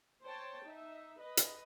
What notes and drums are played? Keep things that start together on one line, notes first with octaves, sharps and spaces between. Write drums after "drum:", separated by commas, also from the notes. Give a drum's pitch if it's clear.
C5 C#5 G5 A5
D#4 E5
B4 D#5
drum: hi-hat